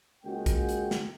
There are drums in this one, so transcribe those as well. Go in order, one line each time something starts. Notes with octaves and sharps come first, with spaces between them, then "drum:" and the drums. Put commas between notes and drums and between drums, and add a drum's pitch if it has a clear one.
C#2 G#3 A#3 C#4 F#4 G5
drum: kick, hi-hat
drum: hi-hat
drum: snare